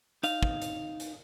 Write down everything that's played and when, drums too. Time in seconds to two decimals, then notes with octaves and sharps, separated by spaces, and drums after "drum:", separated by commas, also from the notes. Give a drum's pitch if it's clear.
0.23 D#4 F5, drum: hi-hat
0.43 drum: kick
0.62 drum: hi-hat
1.00 drum: hi-hat